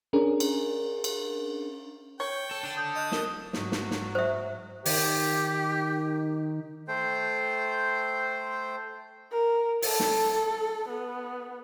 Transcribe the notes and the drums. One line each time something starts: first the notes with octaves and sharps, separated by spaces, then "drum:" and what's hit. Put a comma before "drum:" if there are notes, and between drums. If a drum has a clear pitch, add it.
C#4 D4 G#4 A#4
drum: cymbal
drum: cymbal
C#5 G5
A4
D4 A4
D#6 G6
D#5 D#6 F#6
A#4 E7 G7, drum: snare
G#2 F#3, drum: snare
drum: snare
drum: snare
C5 E5
D#3 G4, drum: open hi-hat
A3 C5 G5
A#4
A4, drum: open hi-hat
drum: snare
B3